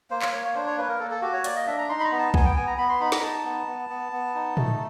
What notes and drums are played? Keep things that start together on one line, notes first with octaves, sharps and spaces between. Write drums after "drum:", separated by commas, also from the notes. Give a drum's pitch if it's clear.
A#3 C5
C#5, drum: clap
A#3 C#5
C#5
D4 C5
C#5
A#3 B4
A#4
A#3 A4
A4
F#4 G4
C#5
A#3 D5, drum: hi-hat
D#5
D4 E5
A#5
D#4 C6
B5
A#5
B3
A5
B3 G#5, drum: kick B1
G5
B3 G#5
A#5
B3 B5
C6
D#4 B5
A#5, drum: snare
D#4 A5
B3
B3
B3
B3
D#4
A3, drum: tom A2